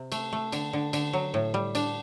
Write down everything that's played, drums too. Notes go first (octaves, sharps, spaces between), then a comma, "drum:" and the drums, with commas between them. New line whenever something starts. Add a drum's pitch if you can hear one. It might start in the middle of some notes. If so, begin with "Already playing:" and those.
Already playing: C3
A3, drum: cymbal
A3
D3, drum: cymbal
D3
D3, drum: cymbal
F#3
A2
G3
D4, drum: cymbal